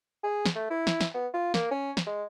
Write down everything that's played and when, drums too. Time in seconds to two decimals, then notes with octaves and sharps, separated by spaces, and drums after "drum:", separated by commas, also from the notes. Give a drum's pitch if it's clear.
0.24 G#4
0.45 drum: snare
0.55 A3
0.70 E4
0.87 drum: snare
1.01 drum: snare
1.14 B3
1.34 F4
1.54 A#3, drum: snare
1.71 C#4
1.97 drum: snare
2.07 G#3